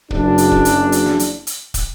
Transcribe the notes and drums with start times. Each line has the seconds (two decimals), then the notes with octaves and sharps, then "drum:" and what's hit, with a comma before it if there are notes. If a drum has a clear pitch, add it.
0.11 F#1 D4, drum: kick
0.38 drum: hi-hat
0.51 drum: kick
0.65 drum: hi-hat
0.92 drum: hi-hat
1.06 drum: snare
1.20 drum: hi-hat
1.47 drum: hi-hat
1.74 drum: kick, hi-hat